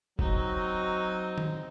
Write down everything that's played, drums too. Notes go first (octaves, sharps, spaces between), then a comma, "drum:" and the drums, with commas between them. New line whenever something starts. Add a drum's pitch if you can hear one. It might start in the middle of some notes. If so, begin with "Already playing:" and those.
F#3 C4 D#4, drum: kick F#1
drum: tom D#3